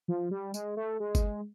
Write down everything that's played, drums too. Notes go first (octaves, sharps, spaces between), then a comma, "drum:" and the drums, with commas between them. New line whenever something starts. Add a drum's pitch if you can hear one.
F3
G3
G#3, drum: tambourine
A3
G#3
drum: kick G1, tambourine